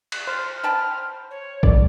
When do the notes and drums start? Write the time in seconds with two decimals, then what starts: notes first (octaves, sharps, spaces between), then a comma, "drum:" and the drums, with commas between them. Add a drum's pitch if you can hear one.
0.12 F#6, drum: cymbal
0.27 C5 F6
0.64 G5 A5 B5
1.31 C#5
1.63 D5, drum: kick